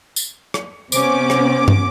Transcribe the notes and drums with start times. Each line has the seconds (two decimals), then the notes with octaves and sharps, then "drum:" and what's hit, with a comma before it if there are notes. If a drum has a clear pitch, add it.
0.16 drum: tambourine
0.54 drum: rim click
0.92 C3 B3 C#4 C5 D6, drum: tambourine
1.30 drum: rim click
1.68 drum: tom G2